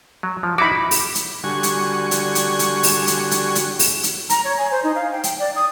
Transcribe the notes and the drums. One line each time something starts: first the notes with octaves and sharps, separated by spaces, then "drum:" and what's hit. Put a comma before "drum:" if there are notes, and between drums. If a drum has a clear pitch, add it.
F#3
F3
D#4 E4 F#4 B5 D6
drum: open hi-hat
drum: hi-hat
D3 G3 F#4 G#5 C#6
drum: hi-hat
drum: hi-hat
drum: hi-hat
drum: hi-hat
drum: open hi-hat
drum: hi-hat
drum: hi-hat
drum: hi-hat
drum: open hi-hat
drum: hi-hat
A#5, drum: hi-hat
C#5
G#5
C5
D#4
F5
G5
G5, drum: hi-hat
D5
D#6